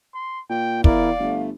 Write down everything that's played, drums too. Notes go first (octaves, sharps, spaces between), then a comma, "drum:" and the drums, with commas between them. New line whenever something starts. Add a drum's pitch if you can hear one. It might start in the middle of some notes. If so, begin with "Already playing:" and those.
C6
A#2 G5
E2 E4 A#4 D5 F5, drum: kick
G1 A3